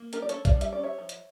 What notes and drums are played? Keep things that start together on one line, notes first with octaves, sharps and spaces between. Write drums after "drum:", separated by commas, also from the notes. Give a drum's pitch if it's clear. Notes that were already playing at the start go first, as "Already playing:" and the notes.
Already playing: A#3
D4 G4 A#4, drum: hi-hat
D5
D4 A4 C#5, drum: hi-hat
D5 F5, drum: kick A1, hi-hat
G3
E5, drum: hi-hat
C#4 D5
C#5 E5
F3
drum: hi-hat